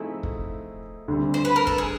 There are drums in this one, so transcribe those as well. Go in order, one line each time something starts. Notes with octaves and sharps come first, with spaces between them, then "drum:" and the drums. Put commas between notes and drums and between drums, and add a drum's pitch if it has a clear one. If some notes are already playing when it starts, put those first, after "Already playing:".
Already playing: F3 A3 C4 D#4 E4 G#4
drum: kick
D2 D3 G3 C4
C5
B4
A#4
A4, drum: kick
G#4